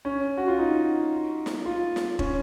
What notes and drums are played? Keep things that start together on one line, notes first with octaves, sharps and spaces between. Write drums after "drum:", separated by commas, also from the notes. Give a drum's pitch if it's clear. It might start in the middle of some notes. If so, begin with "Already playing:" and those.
C#4
F#4
F4
D#4
drum: snare
F4
drum: snare
C#4, drum: kick E1